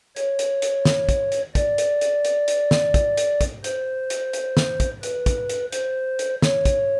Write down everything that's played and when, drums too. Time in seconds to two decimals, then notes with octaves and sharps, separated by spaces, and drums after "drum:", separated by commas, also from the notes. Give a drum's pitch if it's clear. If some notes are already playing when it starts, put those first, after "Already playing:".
0.16 C#5, drum: hi-hat
0.39 drum: hi-hat
0.62 drum: hi-hat
0.85 drum: snare
1.09 drum: kick, hi-hat
1.32 drum: hi-hat
1.55 D5, drum: kick, hi-hat
1.78 drum: hi-hat
2.01 drum: hi-hat
2.25 drum: hi-hat
2.48 drum: hi-hat
2.71 drum: snare
2.94 drum: kick, hi-hat
3.17 drum: hi-hat
3.41 drum: kick, hi-hat
3.64 C5, drum: hi-hat
4.10 drum: hi-hat
4.33 drum: hi-hat
4.57 drum: snare
4.80 drum: kick, hi-hat
5.03 B4, drum: hi-hat
5.26 drum: kick, hi-hat
5.49 drum: hi-hat
5.72 C5, drum: hi-hat
6.19 drum: hi-hat
6.42 C#5, drum: snare
6.65 drum: kick, hi-hat